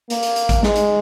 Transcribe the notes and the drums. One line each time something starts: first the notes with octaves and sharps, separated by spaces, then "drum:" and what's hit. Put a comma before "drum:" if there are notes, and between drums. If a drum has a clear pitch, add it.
A#3, drum: hi-hat
drum: hi-hat
drum: hi-hat
drum: kick A1, hi-hat
G#3, drum: snare
drum: hi-hat